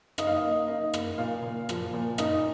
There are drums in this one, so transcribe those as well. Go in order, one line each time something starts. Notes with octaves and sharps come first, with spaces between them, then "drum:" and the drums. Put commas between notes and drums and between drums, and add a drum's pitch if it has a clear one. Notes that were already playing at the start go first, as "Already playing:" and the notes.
D#4 D#5, drum: rim click
F5
D#5
A#3
D#4 D#5
A#3, drum: rim click
A#2 F5
A#2
F3, drum: rim click
A#2
D#4 D#5, drum: rim click